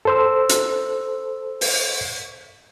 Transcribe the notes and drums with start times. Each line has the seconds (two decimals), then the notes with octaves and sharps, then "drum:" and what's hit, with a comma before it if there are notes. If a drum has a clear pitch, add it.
0.05 A4 C5 E6
0.49 drum: hi-hat
1.61 drum: open hi-hat